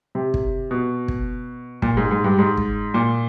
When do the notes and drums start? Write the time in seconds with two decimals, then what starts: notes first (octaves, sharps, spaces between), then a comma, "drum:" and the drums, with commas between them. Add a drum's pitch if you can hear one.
0.15 C3
0.34 drum: kick
0.71 B2
1.08 drum: kick
1.82 A#2, drum: kick
1.97 G#2
2.11 G#2
2.24 G2
2.39 G#2
2.57 drum: kick
2.94 A#2